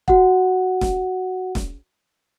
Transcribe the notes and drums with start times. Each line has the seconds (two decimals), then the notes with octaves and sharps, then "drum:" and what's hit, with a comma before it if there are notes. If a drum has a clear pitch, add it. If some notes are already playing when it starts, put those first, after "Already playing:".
0.08 F#4 F#5, drum: kick E1
0.81 drum: snare
1.55 drum: snare